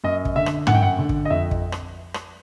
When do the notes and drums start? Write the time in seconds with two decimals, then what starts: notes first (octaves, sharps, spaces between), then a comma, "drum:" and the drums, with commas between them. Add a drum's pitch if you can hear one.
0.04 F#2 D#5
0.25 drum: kick
0.36 D3 E5
0.46 drum: rim click
0.67 F#2 F#5, drum: tom
0.75 G5
0.82 F#5
0.99 D3
1.09 drum: kick
1.25 D#5
1.30 F2 E5
1.51 drum: kick
1.72 drum: rim click
2.14 drum: rim click